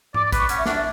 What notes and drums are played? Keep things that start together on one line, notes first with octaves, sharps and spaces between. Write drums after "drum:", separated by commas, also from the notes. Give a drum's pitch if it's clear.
D5 D6, drum: tom G#2
D6
B4 C#6, drum: kick A1, hi-hat
C#4 F#5, drum: hi-hat
E5
D4 F#5, drum: snare
E5